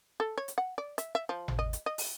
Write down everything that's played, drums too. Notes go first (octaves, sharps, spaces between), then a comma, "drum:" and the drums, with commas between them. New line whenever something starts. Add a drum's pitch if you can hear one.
A4
C#5
drum: hi-hat
F#5
D5
E5, drum: hi-hat
E5
F3
drum: tom G#1
D#5
drum: hi-hat
D#5
drum: open hi-hat